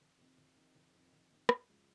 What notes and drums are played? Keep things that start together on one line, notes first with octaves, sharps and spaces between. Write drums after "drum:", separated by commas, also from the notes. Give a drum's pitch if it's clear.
F1
F2 C3 D#3
F1
F2 C3 D#3
F1
F2 C3 D#3
F1
F2 C3 D#3
F#2, drum: rim click
C#3 F3 G#3